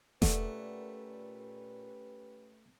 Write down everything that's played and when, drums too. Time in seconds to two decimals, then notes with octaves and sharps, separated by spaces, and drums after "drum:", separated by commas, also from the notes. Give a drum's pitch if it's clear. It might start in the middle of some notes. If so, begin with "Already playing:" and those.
0.22 A#2 A3 C#4 G4 A4 B4 F#5, drum: snare E1